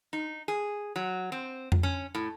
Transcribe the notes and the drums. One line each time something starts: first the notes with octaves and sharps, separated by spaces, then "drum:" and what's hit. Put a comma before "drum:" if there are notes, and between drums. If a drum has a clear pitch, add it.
D#4
G#4
F#3
C4
drum: tom F2
C#4
A2